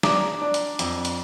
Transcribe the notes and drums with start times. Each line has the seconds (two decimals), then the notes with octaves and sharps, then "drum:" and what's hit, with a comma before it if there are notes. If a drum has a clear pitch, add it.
0.03 D4 A#5 D6, drum: snare
0.41 D4
0.54 drum: hi-hat
0.79 F2, drum: hi-hat
1.05 drum: hi-hat